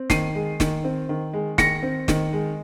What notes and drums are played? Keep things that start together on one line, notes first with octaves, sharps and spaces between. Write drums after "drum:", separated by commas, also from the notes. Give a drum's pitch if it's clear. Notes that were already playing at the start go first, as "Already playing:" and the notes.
Already playing: C4
D#3 C7 D#7, drum: snare
G#3
D#3, drum: snare
C4
D#3
G#3
D#3 A#6 C#7, drum: snare
C4
D#3, drum: snare
G#3